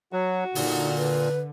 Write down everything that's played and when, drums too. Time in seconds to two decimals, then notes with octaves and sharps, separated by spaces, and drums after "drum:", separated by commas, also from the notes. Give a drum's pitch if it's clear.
0.13 F#3 F#4
0.55 A#2 D3 D#4, drum: open hi-hat
0.97 B4